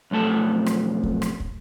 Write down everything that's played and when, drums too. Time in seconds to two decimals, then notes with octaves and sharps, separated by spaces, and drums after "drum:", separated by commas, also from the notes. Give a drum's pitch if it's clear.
0.11 B1 F2 A3 A5
0.66 drum: rim click
1.03 drum: kick
1.22 drum: rim click
1.40 drum: kick